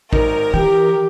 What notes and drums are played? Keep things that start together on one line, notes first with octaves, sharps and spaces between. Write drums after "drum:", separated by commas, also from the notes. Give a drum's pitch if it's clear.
G#1 D#4 A#4, drum: kick A1
E3 G4 G5